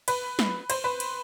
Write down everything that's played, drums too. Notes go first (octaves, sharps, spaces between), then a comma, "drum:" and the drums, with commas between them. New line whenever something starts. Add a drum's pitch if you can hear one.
B4, drum: cymbal
drum: snare
C5, drum: cymbal
B4
drum: cymbal